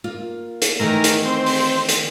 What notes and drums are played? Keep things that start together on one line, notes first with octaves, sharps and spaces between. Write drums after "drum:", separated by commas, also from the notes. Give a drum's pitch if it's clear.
A#3 F4
drum: hi-hat
D#3 E3 A3 A#4
drum: hi-hat
C4
drum: open hi-hat
drum: hi-hat